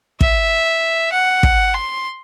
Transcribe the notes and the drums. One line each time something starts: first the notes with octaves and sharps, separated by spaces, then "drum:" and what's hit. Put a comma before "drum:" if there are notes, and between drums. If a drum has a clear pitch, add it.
E5, drum: kick
F#5
drum: kick
C6